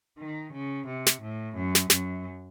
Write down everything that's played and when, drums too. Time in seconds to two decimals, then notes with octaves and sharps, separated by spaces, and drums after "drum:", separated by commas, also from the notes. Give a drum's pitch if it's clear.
0.18 D#3
0.52 C#3
0.86 C3
1.06 drum: snare
1.21 A2
1.55 F#2
1.75 drum: snare
1.90 F#2, drum: snare